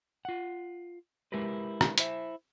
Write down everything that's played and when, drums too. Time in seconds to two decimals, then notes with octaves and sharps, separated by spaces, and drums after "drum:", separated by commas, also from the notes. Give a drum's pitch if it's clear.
0.25 F4 F#5
1.32 G#3 E4 G4 A#4 B4
1.81 drum: rim click
1.98 E4 C5 E5, drum: hi-hat